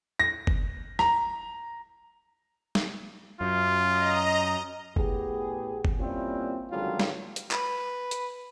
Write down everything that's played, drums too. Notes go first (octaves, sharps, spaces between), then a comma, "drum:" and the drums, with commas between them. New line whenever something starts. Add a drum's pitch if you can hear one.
A#6
drum: kick
A#5, drum: rim click
drum: snare
F#2 F4
D#5 A#5
A2 B3 G4 G#4, drum: kick
drum: kick
A#2 G3 C4 C#4 E4 F4
G#1 C#2 D3 F#3 G3 F4
drum: snare
drum: hi-hat
B4, drum: clap
drum: hi-hat